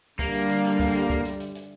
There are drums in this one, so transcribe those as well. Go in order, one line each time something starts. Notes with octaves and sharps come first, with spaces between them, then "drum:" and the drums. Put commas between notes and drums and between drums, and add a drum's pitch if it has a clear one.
D3 G3 A#3, drum: kick, hi-hat
drum: hi-hat
drum: hi-hat
drum: hi-hat
drum: kick, open hi-hat
drum: hi-hat
drum: kick, hi-hat
drum: hi-hat
drum: hi-hat
drum: hi-hat